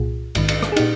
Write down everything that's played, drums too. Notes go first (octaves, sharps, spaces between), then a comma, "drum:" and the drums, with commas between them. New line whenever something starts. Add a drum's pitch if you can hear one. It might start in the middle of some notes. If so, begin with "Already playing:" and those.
Already playing: C2 A#2 F4 G#4
A#1 G#2 D#3, drum: cymbal
drum: cymbal
drum: rim click
G#4
A#2 D#4 G4, drum: cymbal